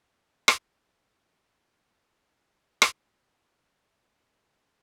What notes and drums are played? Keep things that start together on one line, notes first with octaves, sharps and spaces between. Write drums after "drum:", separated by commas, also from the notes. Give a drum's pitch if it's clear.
C3 D#3 G#3 C4 F#4 G4
drum: rim click
G2 E3 D4 A4 E5
E4
drum: rim click
D#4 E4 G4 A4 D5 D#5